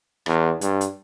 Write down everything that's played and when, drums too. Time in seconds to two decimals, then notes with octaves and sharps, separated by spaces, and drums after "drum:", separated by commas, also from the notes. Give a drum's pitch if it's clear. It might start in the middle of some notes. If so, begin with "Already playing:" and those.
0.26 E2, drum: rim click
0.61 G2, drum: hi-hat
0.81 drum: hi-hat